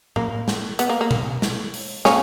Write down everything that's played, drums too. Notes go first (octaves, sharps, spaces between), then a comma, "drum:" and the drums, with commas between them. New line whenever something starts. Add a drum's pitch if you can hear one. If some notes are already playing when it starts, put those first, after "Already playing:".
A#3, drum: tom A2
drum: snare
B3, drum: hi-hat
A#3
A#3
drum: tom
drum: snare
drum: open hi-hat
A#3 C#4, drum: snare